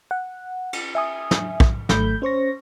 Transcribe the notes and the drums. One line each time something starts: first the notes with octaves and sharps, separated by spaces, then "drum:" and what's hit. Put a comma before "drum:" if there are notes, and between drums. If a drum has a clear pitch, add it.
F#5
drum: cymbal
E5 G#5 D#6
drum: snare
drum: kick
G#1 A3 B5 G6, drum: snare
C#4 C5 C#6 A#6